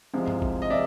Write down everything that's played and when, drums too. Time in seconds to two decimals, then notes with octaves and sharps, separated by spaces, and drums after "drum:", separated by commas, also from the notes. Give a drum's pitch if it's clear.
0.14 C2 C3 F3 G#3
0.28 drum: tom G2
0.42 drum: kick
0.62 D#5
0.70 C3 F3 G#3 D5 E5